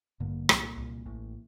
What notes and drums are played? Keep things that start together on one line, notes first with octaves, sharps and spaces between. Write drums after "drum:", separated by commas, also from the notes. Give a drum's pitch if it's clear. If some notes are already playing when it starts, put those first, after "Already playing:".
A1 G2 D3 A#3
C2 A#2, drum: rim click
C2 A#2
A1 A2